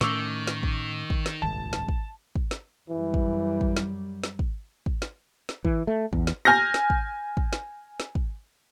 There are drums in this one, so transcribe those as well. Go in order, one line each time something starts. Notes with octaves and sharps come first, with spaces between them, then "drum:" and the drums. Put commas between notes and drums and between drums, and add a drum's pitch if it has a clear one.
A2 D#3 A3 C#4 C#6 D6 E6, drum: snare
drum: snare
drum: kick
drum: kick
drum: snare
D#1 G#1 C#2 A5
drum: snare
drum: kick
drum: kick
drum: snare
F#2 E3 G3
drum: kick
drum: kick
drum: snare
drum: snare
drum: kick
drum: kick
drum: snare
drum: snare
E3, drum: kick
A3
E2, drum: kick
drum: snare
G#5 F6 G6 A#6
drum: snare
drum: kick
drum: kick
drum: snare
drum: snare
drum: kick